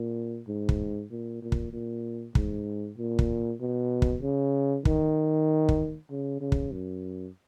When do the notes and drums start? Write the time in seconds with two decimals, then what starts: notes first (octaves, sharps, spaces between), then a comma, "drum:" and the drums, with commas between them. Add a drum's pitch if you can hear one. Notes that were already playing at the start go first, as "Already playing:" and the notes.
Already playing: A#2
0.48 G#2
0.69 drum: kick
1.11 A#2
1.42 A#2
1.52 drum: kick
1.73 A#2
2.35 G#2, drum: kick
2.98 A#2
3.19 drum: kick
3.61 B2
4.02 drum: kick
4.22 C#3
4.85 D#3, drum: kick
5.69 drum: kick
6.10 C#3
6.41 C#3
6.52 drum: kick
6.72 F#2